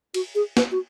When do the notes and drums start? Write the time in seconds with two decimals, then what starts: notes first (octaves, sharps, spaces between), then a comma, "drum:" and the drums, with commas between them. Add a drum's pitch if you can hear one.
0.14 F#4, drum: cymbal
0.35 G#4
0.57 B4, drum: snare
0.71 F#4